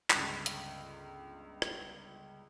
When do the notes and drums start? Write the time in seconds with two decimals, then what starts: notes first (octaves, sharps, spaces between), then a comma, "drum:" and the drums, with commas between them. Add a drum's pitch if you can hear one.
0.11 G1 C#2, drum: clap
0.46 drum: hi-hat
1.62 drum: rim click